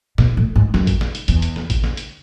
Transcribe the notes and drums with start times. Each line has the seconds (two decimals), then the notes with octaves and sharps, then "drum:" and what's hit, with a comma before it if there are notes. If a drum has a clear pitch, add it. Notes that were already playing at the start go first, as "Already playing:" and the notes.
0.18 B2, drum: snare
0.37 A2
0.55 G#2
0.74 F#2, drum: snare
0.87 drum: kick, hi-hat
1.01 drum: snare
1.15 drum: hi-hat
1.28 E2, drum: hi-hat
1.42 drum: hi-hat
1.56 drum: snare
1.70 drum: kick, hi-hat
1.84 drum: snare
1.97 drum: hi-hat